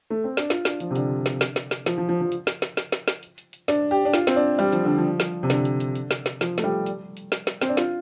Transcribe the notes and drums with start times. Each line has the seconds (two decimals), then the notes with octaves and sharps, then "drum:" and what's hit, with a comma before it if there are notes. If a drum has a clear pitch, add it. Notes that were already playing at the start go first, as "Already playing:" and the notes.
0.10 A3
0.24 C4
0.37 D4, drum: snare
0.50 F4, drum: snare
0.65 D4, drum: snare
0.80 F3, drum: hi-hat
0.91 C3
0.95 D3, drum: hi-hat
1.26 drum: snare
1.41 drum: snare
1.56 drum: snare
1.71 drum: snare
1.86 F3, drum: snare
1.98 F3
2.09 F3
2.21 F3
2.32 drum: hi-hat
2.47 drum: snare
2.62 drum: snare
2.77 drum: snare
2.92 drum: snare
3.08 drum: snare
3.23 drum: hi-hat
3.38 drum: hi-hat
3.53 drum: hi-hat
3.68 D4, drum: snare
3.91 G4
4.05 D4
4.14 F4, drum: snare
4.27 C4, drum: snare
4.36 D4
4.59 G3, drum: hi-hat
4.72 F3, drum: hi-hat
4.85 D3
4.98 F3
5.20 drum: snare
5.43 C3
5.50 D3, drum: snare
5.65 drum: hi-hat
5.80 drum: hi-hat
5.95 drum: hi-hat
6.11 drum: snare
6.26 drum: snare
6.41 F3, drum: snare
6.58 A3, drum: snare
6.64 G3
6.86 drum: hi-hat
7.17 drum: hi-hat
7.32 drum: snare
7.47 drum: snare
7.61 C4, drum: snare
7.69 D4
7.77 F4, drum: snare